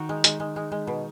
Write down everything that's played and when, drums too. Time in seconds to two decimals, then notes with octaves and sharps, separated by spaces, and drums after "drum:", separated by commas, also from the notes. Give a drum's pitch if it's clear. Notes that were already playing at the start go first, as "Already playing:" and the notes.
Already playing: D#3 F#4
0.09 G#3
0.24 G#3, drum: hi-hat
0.40 G#3
0.56 G#3
0.72 G#3
0.87 B2